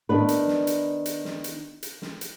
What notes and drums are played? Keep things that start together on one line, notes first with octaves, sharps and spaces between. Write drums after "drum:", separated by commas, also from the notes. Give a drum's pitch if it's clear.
D#3 B3 D4 B4
drum: hi-hat
drum: snare
drum: hi-hat
drum: hi-hat
drum: snare
drum: hi-hat
drum: hi-hat
drum: snare
drum: hi-hat